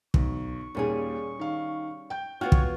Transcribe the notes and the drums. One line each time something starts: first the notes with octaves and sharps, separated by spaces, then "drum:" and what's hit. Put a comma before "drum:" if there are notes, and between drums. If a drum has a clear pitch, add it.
B1 C#6, drum: kick
D#2 A#2 G3 C#4 G#4
D#3 F5
G5 G6
B3 F4 F#4 C#5 G5 F6
drum: kick